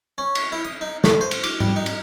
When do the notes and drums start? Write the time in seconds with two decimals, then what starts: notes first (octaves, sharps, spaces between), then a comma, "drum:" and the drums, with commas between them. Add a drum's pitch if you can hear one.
0.18 C#4
0.35 drum: cymbal
0.52 E4
0.65 D#6
0.81 D#4
1.04 A3, drum: snare
1.21 C5
1.31 drum: cymbal
1.43 D6, drum: cymbal
1.60 G3, drum: tom G#2
1.76 D#4
1.86 drum: cymbal